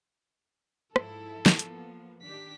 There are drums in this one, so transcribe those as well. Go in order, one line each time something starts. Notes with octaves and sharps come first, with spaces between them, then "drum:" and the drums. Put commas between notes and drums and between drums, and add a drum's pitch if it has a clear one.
G#2 F3 E4 A4, drum: rim click
drum: snare
F3 A#3 B3, drum: hi-hat
D#3 D4 G4 B6